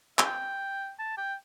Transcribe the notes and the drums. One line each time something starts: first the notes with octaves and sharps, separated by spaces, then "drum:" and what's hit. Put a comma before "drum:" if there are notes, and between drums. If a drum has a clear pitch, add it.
E5, drum: clap
G5
A5
G5